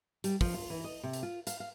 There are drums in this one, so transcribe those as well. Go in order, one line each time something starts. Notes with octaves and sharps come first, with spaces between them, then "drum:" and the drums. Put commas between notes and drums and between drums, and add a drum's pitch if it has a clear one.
G3, drum: hi-hat
F3, drum: kick, open hi-hat
F4
E3
D#5
C3
drum: hi-hat
F4
F5, drum: hi-hat
F5